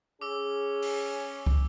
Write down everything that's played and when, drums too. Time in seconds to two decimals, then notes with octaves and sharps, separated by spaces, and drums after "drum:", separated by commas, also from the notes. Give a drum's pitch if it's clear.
0.21 C#4 G#4 D6 E6
0.82 drum: open hi-hat
1.46 drum: kick